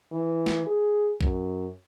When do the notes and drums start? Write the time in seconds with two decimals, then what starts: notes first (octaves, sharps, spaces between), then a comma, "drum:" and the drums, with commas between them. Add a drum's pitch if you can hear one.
0.12 E3
0.46 drum: snare
0.67 G#4
1.21 F#2, drum: kick A#1